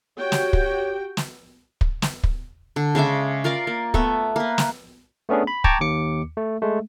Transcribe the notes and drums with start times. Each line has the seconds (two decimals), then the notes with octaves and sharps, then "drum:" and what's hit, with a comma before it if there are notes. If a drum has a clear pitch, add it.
0.19 F#4 G4 C#5 G5
0.32 drum: snare
0.53 drum: kick
1.17 drum: snare
1.81 drum: kick
2.02 drum: snare
2.24 drum: kick
2.76 D3
2.95 C#3 G#3 E5 D6
3.44 F4 A#4 D5 F5
3.67 A#3
3.94 A3 B3 E5, drum: kick
4.36 A#3 B4
4.58 drum: snare
5.29 A3 B3 C#4 D4 G#4
5.47 B5
5.64 G5 A5 A#5 C#6 D6 G#6, drum: kick
5.81 D#2 D6 C#7
6.37 A3
6.62 G#3 A3